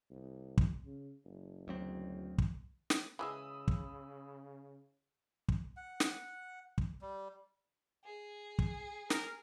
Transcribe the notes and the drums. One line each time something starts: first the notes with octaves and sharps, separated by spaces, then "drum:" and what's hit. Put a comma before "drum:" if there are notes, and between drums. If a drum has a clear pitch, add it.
C2
drum: kick
C#3
F#1
D2 F#3 C4
drum: kick
drum: snare
C#3 E3 F#3 G#3 B5 D#6 E6
drum: kick
drum: kick
F#5
drum: snare
drum: kick
G3
G#4
drum: kick
A#4, drum: snare